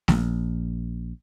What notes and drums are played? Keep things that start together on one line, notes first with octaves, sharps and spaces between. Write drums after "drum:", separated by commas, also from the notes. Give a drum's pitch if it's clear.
A#1, drum: snare A3